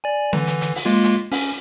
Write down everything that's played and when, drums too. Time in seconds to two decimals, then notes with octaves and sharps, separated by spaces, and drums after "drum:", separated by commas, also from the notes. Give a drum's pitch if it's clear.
0.04 D5 G#5
0.33 D3 E3, drum: snare C4
0.47 drum: hi-hat
0.61 drum: hi-hat
0.75 drum: open hi-hat
0.85 G#3 A#3 F4
1.04 drum: hi-hat
1.32 C#4, drum: open hi-hat